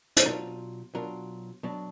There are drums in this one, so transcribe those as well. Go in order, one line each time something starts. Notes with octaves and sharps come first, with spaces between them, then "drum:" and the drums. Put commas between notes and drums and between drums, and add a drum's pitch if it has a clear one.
drum: hi-hat
B2 F#3 D4 F4 A#4
B2 F#3 D4 F4 A#4
B2 F#3 D4